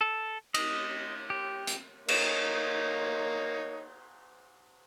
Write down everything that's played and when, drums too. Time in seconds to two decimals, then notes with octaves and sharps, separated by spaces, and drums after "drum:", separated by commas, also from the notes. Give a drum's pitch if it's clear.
0.01 A4
0.54 D#5, drum: cymbal
1.30 G4
1.67 drum: hi-hat
2.08 A#3 D#4 C#5, drum: cymbal